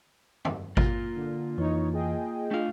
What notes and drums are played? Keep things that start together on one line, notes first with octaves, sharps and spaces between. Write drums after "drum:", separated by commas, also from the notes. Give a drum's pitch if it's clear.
drum: tom
A#3 F4, drum: kick G#1
D3
F2 E3 D#4 C#5
G#4 D#5 G5
A3 D4 F4 F5